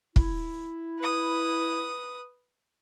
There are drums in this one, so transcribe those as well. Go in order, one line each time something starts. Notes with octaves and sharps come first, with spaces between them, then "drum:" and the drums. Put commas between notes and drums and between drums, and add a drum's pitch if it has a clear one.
E4, drum: kick
B4 D#6